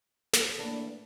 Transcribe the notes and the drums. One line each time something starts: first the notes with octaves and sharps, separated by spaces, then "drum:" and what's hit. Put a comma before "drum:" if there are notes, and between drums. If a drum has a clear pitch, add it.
drum: snare
A2 E3 A#3 D4 A4